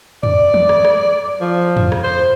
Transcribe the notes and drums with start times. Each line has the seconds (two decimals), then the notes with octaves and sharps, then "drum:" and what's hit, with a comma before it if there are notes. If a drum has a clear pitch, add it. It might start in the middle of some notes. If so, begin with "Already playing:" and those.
0.23 D5, drum: tom
0.54 drum: tom
0.69 drum: rim click
0.85 drum: rim click
1.41 F3
1.77 drum: tom
1.92 drum: rim click
2.04 C5